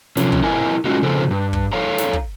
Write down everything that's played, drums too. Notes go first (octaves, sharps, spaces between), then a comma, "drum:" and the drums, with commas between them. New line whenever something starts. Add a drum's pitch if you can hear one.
C3 F3 C#4, drum: snare
drum: kick
C4 E4 A#4 D#5 G#5
G#3 C#4 D#4 F4 F#4
C#3 F3 C4 A4
G2
drum: kick
A4 C#5 F5 A#5
drum: snare
drum: kick